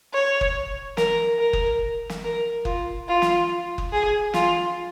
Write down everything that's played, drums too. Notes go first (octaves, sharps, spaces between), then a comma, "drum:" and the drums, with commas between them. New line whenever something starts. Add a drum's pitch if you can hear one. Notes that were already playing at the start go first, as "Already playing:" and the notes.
C#5
drum: kick F#1
A#4, drum: snare
A#4
drum: kick F#1
drum: snare
A#4
F4, drum: kick F#1
F4
drum: snare
drum: kick F#1
G#4
F4, drum: snare